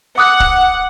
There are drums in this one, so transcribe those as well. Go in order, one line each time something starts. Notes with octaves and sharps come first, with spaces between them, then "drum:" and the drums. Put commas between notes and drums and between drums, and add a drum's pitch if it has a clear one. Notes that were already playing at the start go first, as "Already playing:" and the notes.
F#5 D6 D#6 F#6
drum: kick C#1